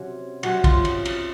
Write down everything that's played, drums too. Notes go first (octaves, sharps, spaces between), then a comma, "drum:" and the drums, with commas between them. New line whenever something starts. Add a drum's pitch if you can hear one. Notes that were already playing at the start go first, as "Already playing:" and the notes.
Already playing: C3 F#3 C#4
C3 F#3 C#4 F#4, drum: cymbal
F4, drum: kick, cymbal
drum: cymbal
drum: cymbal